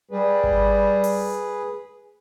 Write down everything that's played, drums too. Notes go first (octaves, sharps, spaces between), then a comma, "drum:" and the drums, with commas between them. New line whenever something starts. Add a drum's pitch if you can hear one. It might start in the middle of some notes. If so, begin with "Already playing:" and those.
G3 G#4 B4
drum: kick G#1
drum: open hi-hat